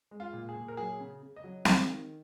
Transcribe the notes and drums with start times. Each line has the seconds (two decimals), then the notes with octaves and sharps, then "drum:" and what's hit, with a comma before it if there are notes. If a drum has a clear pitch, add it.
0.11 G#3
0.20 F4
0.33 A#2
0.49 G#4
0.56 A#2
0.68 A#4
0.77 F#3 G#4
1.00 C#3
1.22 C#3
1.36 D#5
1.44 F#3
1.65 G#3 F5, drum: snare
1.88 D#3